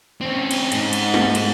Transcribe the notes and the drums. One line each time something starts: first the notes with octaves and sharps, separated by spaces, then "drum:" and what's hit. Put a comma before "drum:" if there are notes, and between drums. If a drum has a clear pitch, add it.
C4 C#4
drum: cymbal
G#2, drum: cymbal
drum: cymbal
drum: snare
drum: cymbal